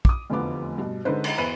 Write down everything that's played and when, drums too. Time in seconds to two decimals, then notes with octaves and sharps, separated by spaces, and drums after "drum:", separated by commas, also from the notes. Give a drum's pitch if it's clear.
0.05 D6 D#6, drum: kick
0.30 F1 E2 D3 F3 B3 D6
0.78 G2 B2
1.05 D3 G#3 C#4 D#4 B4 C5
1.24 drum: cymbal
1.38 E2 B4 C5 B5 D#7